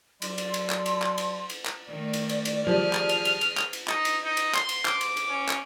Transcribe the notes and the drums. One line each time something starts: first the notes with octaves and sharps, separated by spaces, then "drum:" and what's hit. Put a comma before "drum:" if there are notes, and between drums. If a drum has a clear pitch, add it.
F#3 A4 D5 C6, drum: cymbal
drum: cymbal
drum: cymbal
drum: clap
drum: cymbal
drum: clap
drum: cymbal
drum: cymbal
drum: clap
D#3 A3 D5
drum: cymbal
drum: cymbal
drum: cymbal
F3 G3 G#4 F6
drum: clap
drum: cymbal
drum: cymbal
drum: cymbal
drum: clap
drum: cymbal
D#4, drum: clap
drum: cymbal
D#4
drum: cymbal
C6, drum: clap
drum: cymbal
D6, drum: clap
drum: cymbal
drum: cymbal
C#4
drum: clap